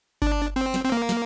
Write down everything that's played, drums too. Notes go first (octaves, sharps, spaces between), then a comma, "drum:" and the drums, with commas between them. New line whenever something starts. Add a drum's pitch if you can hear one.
D4, drum: kick G1
C4
drum: snare
C4
A#3
drum: snare